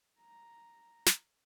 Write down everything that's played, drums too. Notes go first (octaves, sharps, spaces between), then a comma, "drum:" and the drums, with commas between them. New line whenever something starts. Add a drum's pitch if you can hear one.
A#5
drum: snare